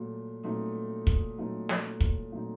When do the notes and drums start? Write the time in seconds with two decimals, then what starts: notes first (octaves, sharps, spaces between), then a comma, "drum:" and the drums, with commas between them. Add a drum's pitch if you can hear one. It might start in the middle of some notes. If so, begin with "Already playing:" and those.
Already playing: A#2 F#3 A3
0.44 A#2 F#3 A3 D#4
1.07 drum: kick
1.38 A#2 F#3 A3 D#4
1.69 drum: snare
2.01 drum: kick
2.32 A#2 F#3 A3 D#4